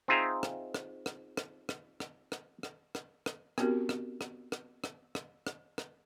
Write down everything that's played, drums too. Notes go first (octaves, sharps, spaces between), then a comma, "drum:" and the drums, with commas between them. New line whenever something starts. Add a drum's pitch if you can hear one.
C4 D#4 F4 G#4 E5 A#5
drum: rim click
drum: rim click
drum: rim click
drum: rim click
drum: rim click
drum: rim click
drum: rim click
drum: rim click
drum: rim click
drum: rim click
B3 C4 D4 F#4 G4 A#4, drum: rim click
drum: rim click
drum: rim click
drum: rim click
drum: rim click
drum: rim click
drum: rim click
drum: rim click